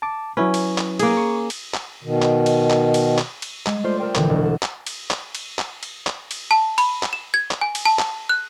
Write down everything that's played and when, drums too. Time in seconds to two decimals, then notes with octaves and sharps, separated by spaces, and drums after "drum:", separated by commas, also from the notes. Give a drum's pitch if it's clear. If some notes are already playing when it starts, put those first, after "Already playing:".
0.02 A5 D6
0.37 F#3 C#4 E4 B4
0.54 drum: cymbal
0.78 drum: clap
0.99 A#3 G#4, drum: cymbal
1.17 C#6
1.50 drum: cymbal
1.74 drum: clap
2.03 B2 D#3
2.22 drum: clap
2.46 drum: cymbal
2.70 drum: clap
2.94 drum: cymbal
3.18 drum: clap
3.42 drum: cymbal
3.66 G#3, drum: clap
3.84 A3 F4 C5 D5
3.99 A4 A#4 C5 G5
4.15 A#1 D3 E3, drum: clap
4.29 E1
4.42 A4 F#5
4.62 drum: clap
4.86 drum: cymbal
5.11 drum: clap
5.35 drum: cymbal
5.59 drum: clap
5.83 drum: cymbal
6.07 drum: clap
6.31 drum: cymbal
6.51 A5
6.78 B5, drum: cymbal
7.03 drum: clap
7.13 E7
7.34 G#6
7.51 drum: clap
7.61 G#5
7.75 drum: cymbal
7.85 A5
7.99 drum: clap
8.29 F#6